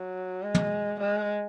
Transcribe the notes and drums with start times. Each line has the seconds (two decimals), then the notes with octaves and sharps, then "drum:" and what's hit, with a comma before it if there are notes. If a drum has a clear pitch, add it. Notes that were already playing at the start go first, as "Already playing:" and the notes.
Already playing: F#3
0.43 G#3
0.54 drum: tom
1.00 G#3